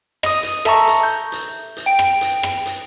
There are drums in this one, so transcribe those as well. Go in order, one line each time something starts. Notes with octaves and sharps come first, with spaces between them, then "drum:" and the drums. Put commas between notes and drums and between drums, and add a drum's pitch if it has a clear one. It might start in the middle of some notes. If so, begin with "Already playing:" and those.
D#5 D#6, drum: rim click
drum: hi-hat
A4 E5 A5 A#5 C#6, drum: rim click
drum: hi-hat
G6
drum: hi-hat
drum: hi-hat
G5 D7
drum: rim click
drum: hi-hat
drum: rim click
drum: hi-hat